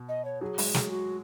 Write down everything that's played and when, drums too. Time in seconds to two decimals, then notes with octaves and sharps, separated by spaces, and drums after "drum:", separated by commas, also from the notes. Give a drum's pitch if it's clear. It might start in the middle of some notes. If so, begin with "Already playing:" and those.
Already playing: B2
0.09 D#5
0.25 C#5
0.41 F#3 G#4
0.58 G#3, drum: open hi-hat
0.74 F#3, drum: snare
0.91 F#4